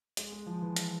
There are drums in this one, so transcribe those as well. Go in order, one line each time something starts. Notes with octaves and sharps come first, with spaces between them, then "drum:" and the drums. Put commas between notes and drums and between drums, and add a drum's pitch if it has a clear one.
G#3, drum: hi-hat
G#3
F3
E3
drum: hi-hat